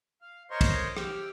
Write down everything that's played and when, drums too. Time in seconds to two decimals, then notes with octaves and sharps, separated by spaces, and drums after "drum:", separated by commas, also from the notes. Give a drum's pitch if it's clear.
0.22 F5
0.51 A#4 C5 C#5 D#5 C6 C#6
0.61 drum: kick, cymbal
0.97 G4 G5 E6 F6, drum: rim click